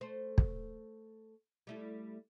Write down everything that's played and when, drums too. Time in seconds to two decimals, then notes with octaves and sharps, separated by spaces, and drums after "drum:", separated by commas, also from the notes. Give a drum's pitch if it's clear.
0.01 A3 C5
0.38 drum: kick
1.67 G3 A3 E4